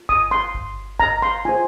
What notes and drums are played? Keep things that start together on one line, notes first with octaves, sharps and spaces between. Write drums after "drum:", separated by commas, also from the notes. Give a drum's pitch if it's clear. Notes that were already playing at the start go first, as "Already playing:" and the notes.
Already playing: F4
D#6, drum: kick G1
C6
drum: kick G1
A#5, drum: kick G1
C6
F4 C5 G#5